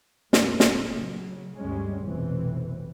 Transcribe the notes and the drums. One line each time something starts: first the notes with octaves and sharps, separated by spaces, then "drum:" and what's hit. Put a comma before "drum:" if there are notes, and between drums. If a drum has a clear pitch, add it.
F2 A#2 A3 A#3, drum: snare
drum: snare
C#3 F#3
D2 G2 G3 G#3 C#4
F1 B1 B2 E3 C4